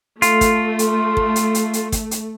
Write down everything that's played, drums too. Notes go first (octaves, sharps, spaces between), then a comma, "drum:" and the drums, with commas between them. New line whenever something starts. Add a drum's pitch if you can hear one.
A3 F4, drum: hi-hat
drum: kick, hi-hat
drum: hi-hat
drum: kick
drum: hi-hat
drum: hi-hat
drum: hi-hat
drum: kick, hi-hat
drum: hi-hat